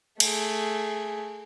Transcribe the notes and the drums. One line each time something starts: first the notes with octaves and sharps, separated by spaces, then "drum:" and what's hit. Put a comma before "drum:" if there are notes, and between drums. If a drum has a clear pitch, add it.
A3 G#4, drum: cymbal